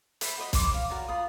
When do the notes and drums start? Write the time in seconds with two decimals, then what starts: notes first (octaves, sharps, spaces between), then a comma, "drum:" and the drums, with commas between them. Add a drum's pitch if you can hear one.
0.21 B4 E5 G5 B5, drum: hi-hat
0.38 F#4 B4 D#5
0.53 C6 D6, drum: kick, hi-hat
0.74 F5
0.90 F#4 A#4 C#5 D5
1.09 F4 B5 D#6